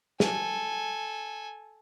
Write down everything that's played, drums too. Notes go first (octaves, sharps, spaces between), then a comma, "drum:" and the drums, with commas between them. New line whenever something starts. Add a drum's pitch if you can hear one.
A4 G#5, drum: snare